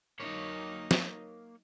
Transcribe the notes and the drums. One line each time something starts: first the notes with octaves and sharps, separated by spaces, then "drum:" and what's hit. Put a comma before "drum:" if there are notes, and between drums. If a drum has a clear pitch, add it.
F#3 A#3 D#4 C#5
drum: snare